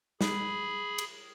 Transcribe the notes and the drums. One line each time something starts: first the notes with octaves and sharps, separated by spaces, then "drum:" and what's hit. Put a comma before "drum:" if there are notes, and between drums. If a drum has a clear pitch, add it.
G#4 B5, drum: snare
drum: cymbal